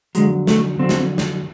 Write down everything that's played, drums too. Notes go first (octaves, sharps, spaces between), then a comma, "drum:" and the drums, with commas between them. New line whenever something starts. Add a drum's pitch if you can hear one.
F2 D3 F#3 G#3, drum: hi-hat
A3, drum: snare
F2 D3 F#3 C4
drum: snare
drum: snare